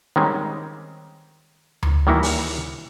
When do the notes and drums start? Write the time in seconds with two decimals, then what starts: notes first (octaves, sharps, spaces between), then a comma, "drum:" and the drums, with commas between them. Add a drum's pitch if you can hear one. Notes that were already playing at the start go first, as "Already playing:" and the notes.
0.16 D#3 G3 G#3 C4 C#4
1.83 drum: tom D2
2.07 D#3 E3 G3 A#3 E4 F#4
2.23 drum: open hi-hat